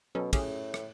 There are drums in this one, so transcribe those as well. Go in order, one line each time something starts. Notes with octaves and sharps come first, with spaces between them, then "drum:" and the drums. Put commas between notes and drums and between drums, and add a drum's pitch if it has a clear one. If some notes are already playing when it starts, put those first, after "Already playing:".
B2 F#3 C#4 A4
A2 C#4 G4 G#4, drum: kick, cymbal
drum: rim click